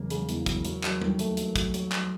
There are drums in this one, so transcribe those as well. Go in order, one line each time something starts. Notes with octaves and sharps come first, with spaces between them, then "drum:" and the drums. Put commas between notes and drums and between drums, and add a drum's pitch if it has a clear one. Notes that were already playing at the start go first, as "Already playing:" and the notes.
Already playing: E1 C#3 F#3 A#3
C#3, drum: hi-hat
E2, drum: hi-hat
F#3, drum: kick, hi-hat
F#3, drum: hi-hat
F#3, drum: clap
D#2, drum: tom G3
D#2 A3, drum: hi-hat
F#3, drum: hi-hat
F#3, drum: kick, hi-hat
F#3, drum: hi-hat
F#3, drum: clap